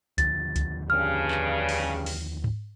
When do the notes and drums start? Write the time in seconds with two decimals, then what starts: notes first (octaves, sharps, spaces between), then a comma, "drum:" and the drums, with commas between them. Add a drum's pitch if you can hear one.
0.18 D#2 D3 F3 A6, drum: kick C#2, hi-hat
0.56 drum: kick C#2, hi-hat
0.90 G2 C#3 F6
1.31 drum: clap
1.69 drum: open hi-hat
2.06 drum: open hi-hat
2.44 drum: tom G#2